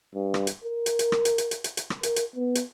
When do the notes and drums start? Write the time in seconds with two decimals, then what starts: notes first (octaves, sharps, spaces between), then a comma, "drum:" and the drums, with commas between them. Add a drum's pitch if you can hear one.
0.15 G2
0.34 drum: rim click
0.47 drum: hi-hat
0.64 A#4
0.86 drum: hi-hat
0.99 drum: hi-hat
1.12 drum: rim click
1.25 drum: hi-hat
1.38 drum: hi-hat
1.51 drum: hi-hat
1.64 drum: hi-hat
1.77 drum: hi-hat
1.90 drum: rim click
2.03 A#4, drum: hi-hat
2.16 drum: hi-hat
2.35 B3
2.55 drum: hi-hat